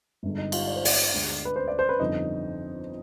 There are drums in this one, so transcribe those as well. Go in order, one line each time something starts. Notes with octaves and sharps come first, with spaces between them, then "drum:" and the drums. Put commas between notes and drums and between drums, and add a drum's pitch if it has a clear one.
G1 G2 D3 G#3
D#4
F4, drum: cymbal
D5
C5
D5, drum: open hi-hat
D2 D3 G#3
B4
C5
D5
C5
B4
G1 F2 D3 D#4